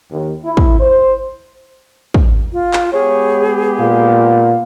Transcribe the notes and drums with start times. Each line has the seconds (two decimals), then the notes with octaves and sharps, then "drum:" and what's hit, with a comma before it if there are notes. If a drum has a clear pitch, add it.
0.12 D#2
0.45 E4
0.57 drum: kick
0.80 C5
2.14 drum: kick
2.53 F4
2.73 drum: clap
2.93 G#3 B3 G4 G#4 C#5
3.80 A#2 F5